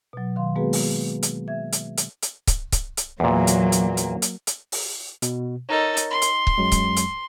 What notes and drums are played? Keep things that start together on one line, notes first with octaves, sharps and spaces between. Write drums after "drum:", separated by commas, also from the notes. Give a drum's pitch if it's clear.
B2 F#3
D#3 F5 C6
G#3 A#3 B3 F#4 G#4 B4
drum: open hi-hat
drum: hi-hat
E5 G#6
drum: hi-hat
drum: hi-hat
drum: hi-hat
drum: kick C#1, hi-hat
drum: kick C#1, hi-hat
drum: hi-hat
E2 A#2 F#3 A#3
drum: hi-hat
drum: hi-hat
drum: hi-hat
drum: hi-hat
drum: hi-hat
drum: open hi-hat
B2, drum: hi-hat
D#4 A4 A#4 C#5
drum: hi-hat
C6
drum: hi-hat
drum: kick C#1
F#2 F#3 G#3
drum: kick C#1, hi-hat
drum: hi-hat